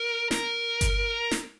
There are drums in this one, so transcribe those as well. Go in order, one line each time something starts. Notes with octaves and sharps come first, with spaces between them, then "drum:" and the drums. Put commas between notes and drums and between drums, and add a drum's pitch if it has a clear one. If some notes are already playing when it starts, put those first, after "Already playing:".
Already playing: A#4
A#4, drum: snare
drum: kick G1, hi-hat
drum: snare